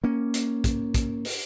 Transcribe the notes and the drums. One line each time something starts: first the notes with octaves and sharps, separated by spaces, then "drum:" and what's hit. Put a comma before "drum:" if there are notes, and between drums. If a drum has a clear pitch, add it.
A#3 C#4
drum: hi-hat
drum: kick, hi-hat
drum: kick, hi-hat
drum: open hi-hat